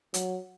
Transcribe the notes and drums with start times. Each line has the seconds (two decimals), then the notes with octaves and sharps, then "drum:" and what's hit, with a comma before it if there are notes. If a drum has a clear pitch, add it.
0.14 F#3, drum: hi-hat